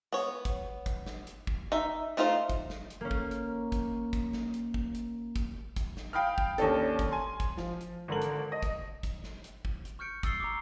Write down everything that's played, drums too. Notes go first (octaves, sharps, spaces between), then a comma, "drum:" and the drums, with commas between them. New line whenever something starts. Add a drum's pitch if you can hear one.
B3 C#5
drum: kick, hi-hat
drum: kick, hi-hat
drum: snare
drum: hi-hat
drum: kick
D#4 E5
A3 D#4 F4 B4 C5
drum: kick, hi-hat
drum: snare
drum: hi-hat
A#3 C#4
drum: kick
drum: hi-hat
drum: kick, hi-hat
drum: kick, hi-hat
drum: snare
drum: hi-hat
drum: kick
drum: hi-hat
drum: kick, hi-hat
drum: kick, hi-hat
drum: snare
F5 G5 B5 D#6 F6
drum: kick
D#2 C#4 D4 A4, drum: hi-hat
drum: kick, hi-hat
G#5 C6
drum: kick, hi-hat
F3, drum: snare
drum: hi-hat
G#1 D3 A#4 F#7
drum: hi-hat
D#5
drum: kick, hi-hat
drum: kick, hi-hat
drum: snare
drum: hi-hat
drum: kick
drum: hi-hat
C#6 F6 G6 C#7 D7
D#6 E6 A6 C7 G7, drum: kick, hi-hat
A#5 C#6 D6